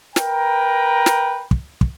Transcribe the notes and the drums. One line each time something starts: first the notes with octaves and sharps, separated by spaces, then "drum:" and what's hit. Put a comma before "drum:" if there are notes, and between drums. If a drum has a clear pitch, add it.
A#4 B4 G5 A#5, drum: snare
drum: snare
drum: kick
drum: kick